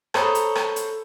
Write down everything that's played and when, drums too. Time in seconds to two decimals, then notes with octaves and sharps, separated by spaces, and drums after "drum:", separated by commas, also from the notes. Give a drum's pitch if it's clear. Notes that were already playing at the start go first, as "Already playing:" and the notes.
0.14 A4 C5 C#5 A#5 B5 D#6, drum: rim click
0.35 drum: hi-hat
0.55 drum: rim click
0.76 drum: hi-hat